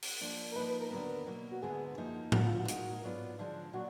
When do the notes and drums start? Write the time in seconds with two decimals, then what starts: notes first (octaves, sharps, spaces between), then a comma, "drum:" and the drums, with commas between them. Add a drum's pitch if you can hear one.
0.02 drum: open hi-hat
0.21 F3 A#3 D4
0.51 A#4
0.56 F3 A#3 D#4 B4
0.68 B4
0.80 A#4
0.91 D#2 D3 F#3 B3 A#4
1.26 B2 F#3 A#3
1.51 F#4
1.62 D2 D3 G#3 B3 G#4
1.97 F#2 F3 A#3 D#4
2.32 D2 D3 F3 F#4, drum: tom A2
2.46 F4
2.59 F#4
2.68 A#2 G#3 D#4 A#4, drum: hi-hat
3.03 G#2 F#3 B3 D4 F4
3.39 D3 F3 G#3 D4
3.73 A#2 F#3 D4 F#4